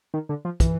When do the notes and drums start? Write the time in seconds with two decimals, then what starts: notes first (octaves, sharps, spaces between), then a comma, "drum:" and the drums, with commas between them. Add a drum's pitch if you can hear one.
0.14 D#3
0.29 D3
0.45 F3
0.60 E3, drum: kick, hi-hat